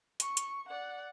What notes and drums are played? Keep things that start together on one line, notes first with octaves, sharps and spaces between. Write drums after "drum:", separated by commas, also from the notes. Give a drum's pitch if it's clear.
C#6, drum: hi-hat
drum: hi-hat
D5 F#5